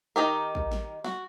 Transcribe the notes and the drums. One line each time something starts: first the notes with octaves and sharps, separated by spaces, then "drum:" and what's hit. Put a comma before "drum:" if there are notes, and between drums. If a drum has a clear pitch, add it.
D#3 D#4 G4 A#4
drum: kick A1
drum: snare
F#4, drum: snare